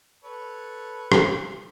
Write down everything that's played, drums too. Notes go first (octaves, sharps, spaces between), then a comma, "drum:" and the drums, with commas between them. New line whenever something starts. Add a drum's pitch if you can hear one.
A4 B4 C#5
drum: rim click